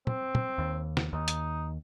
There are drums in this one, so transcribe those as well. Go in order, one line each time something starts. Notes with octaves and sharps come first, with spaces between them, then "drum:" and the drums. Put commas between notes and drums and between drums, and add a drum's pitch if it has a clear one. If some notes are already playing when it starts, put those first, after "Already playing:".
C4, drum: tom
drum: tom
D#2
drum: snare
D#2 D#4
drum: hi-hat